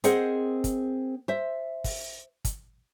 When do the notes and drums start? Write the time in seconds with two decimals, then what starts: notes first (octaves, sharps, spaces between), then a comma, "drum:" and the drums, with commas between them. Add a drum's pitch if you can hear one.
0.04 C4 G#4 A#4 C5 D#5 F#5, drum: hi-hat
0.64 drum: kick, hi-hat
1.28 C5 E5
1.84 drum: kick, open hi-hat
2.45 drum: kick, hi-hat